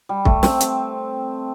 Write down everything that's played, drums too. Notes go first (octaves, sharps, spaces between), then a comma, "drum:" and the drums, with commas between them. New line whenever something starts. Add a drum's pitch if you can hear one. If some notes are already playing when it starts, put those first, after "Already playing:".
G3
A3, drum: kick
C4, drum: snare
C4, drum: hi-hat